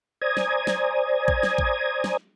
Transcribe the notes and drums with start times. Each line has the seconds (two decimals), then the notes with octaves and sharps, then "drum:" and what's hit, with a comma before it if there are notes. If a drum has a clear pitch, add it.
0.22 C5 D5 G#5 A#5 D#6 G#6
0.37 drum: snare
0.67 drum: snare
1.28 drum: kick
1.43 drum: snare
1.58 drum: kick
2.04 drum: snare